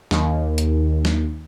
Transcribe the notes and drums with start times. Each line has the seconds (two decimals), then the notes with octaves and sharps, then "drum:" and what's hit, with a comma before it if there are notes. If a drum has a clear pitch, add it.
0.11 D#2, drum: snare
0.58 drum: hi-hat
1.05 drum: snare